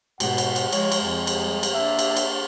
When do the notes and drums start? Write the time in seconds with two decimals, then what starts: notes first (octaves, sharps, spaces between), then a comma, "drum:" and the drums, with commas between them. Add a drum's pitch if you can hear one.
0.20 G#2 B2 F#5, drum: cymbal
0.38 drum: cymbal
0.56 drum: cymbal
0.73 F3 G#3 C#5, drum: cymbal
0.92 drum: cymbal
1.03 F2 G#3
1.27 drum: cymbal
1.42 G3
1.63 drum: cymbal
1.73 A#3 D4 E5
1.99 drum: cymbal
2.17 drum: cymbal